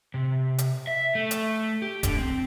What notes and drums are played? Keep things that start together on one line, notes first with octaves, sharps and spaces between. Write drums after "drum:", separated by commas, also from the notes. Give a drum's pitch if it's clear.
C3
drum: hi-hat
E5
A3
drum: hi-hat
G4
D3, drum: kick D#1, hi-hat
C4